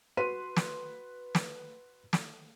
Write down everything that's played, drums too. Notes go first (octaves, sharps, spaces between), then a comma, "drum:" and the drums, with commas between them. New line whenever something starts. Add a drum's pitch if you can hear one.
F#4 B4 C6 B6 D#7
drum: snare
drum: snare
drum: snare